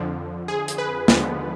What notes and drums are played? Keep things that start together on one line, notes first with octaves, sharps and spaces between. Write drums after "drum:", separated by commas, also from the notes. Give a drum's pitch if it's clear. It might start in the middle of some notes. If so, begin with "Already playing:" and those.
Already playing: F2 D3 F3
G#4
drum: hi-hat
B4
D#2 D3 F3 G#3 B3, drum: snare